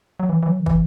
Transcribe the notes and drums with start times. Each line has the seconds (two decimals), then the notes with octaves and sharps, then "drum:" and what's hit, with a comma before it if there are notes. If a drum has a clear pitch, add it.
0.20 F#3
0.29 E3
0.43 E3
0.47 F#3
0.60 D#3
0.66 E3, drum: kick